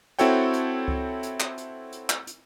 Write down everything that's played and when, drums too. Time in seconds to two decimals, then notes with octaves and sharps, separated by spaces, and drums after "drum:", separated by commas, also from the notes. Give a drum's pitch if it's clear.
0.19 C4 E4 F#4 A4 C#5 G5, drum: hi-hat
0.53 drum: hi-hat
0.88 drum: kick C#2
1.23 drum: hi-hat
1.40 drum: clap
1.57 drum: hi-hat
1.92 drum: hi-hat
2.10 drum: clap
2.27 drum: hi-hat